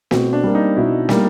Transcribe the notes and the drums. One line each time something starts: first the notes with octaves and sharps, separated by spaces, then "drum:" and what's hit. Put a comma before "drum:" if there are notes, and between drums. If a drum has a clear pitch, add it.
B2 C4, drum: snare
D4
G3 A#3
D#4
B2 E4
G3 A#3, drum: snare